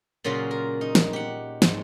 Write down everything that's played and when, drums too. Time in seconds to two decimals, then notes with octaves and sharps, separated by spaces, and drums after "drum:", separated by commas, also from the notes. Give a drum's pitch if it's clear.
0.24 A#2 C#3 F#3 C#4 F4
0.51 A#4
0.81 D#4
0.95 drum: snare
1.13 G4 F#5
1.62 G#2, drum: snare